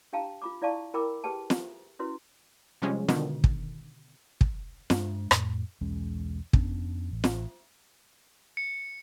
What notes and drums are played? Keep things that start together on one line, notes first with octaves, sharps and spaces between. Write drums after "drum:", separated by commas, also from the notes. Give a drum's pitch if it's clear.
D4 G4 F5 G5 A5 A#5
F4 B5 D6
E4 D5 F5 A5 C#6
E4 A#4 G5 B5 D6 E6
G4 G#4 B4 G5 A5
drum: snare
C#4 E4 F#4 B4 C6
C3 F3 G3 G#3 C#4
B2 D3 D#3, drum: snare
drum: kick
drum: kick
G2 G#3 D4, drum: snare
F2 A2, drum: rim click
B1 E2 G#3 C#4
F2 B3 C#4 D4, drum: kick
A1
drum: snare
C#7